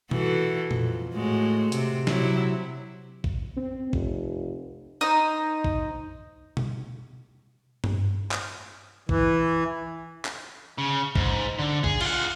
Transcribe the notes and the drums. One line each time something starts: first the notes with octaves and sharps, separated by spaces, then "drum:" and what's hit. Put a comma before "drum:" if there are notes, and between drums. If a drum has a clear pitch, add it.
E3 F#4 A4, drum: tom B2
F2, drum: tom A#2
A2 G#3 F#4
C3, drum: hi-hat
C3 F#3 E4, drum: snare
drum: kick
C4
F1, drum: kick
D#4 C5
drum: kick
drum: tom B2
drum: tom G2
drum: clap
E3, drum: kick
drum: clap
C#3
G#2, drum: kick
D3
G#4, drum: kick
F4 F#5, drum: cymbal